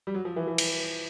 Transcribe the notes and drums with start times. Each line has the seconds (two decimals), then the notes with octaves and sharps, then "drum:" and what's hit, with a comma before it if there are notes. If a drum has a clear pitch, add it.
0.07 G3
0.14 F#3
0.25 F3
0.36 E3
0.48 E3
0.58 drum: cymbal